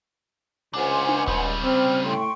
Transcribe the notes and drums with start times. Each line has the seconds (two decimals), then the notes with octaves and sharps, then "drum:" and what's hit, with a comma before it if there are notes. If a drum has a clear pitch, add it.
0.74 C#2 D4 F4 C5 F#5 G#5
1.09 drum: tom D4
1.27 C#3 G3, drum: kick D#1
1.63 C4 F6
2.04 A2 G5 C6 C#6